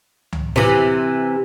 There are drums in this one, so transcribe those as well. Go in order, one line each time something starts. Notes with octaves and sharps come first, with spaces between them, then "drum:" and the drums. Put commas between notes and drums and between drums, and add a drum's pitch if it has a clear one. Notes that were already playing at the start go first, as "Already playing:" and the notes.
drum: tom C#2
C3 E3, drum: snare F4